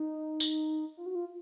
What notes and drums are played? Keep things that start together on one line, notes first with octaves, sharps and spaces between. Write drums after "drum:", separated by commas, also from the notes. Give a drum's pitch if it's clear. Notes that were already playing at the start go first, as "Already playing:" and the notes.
Already playing: D#4
drum: tambourine
F4
F#4
F4